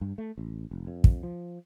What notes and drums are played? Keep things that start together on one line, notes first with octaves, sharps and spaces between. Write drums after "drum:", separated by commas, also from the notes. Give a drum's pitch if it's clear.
G2
A3
A1
F1
F2
drum: kick
F3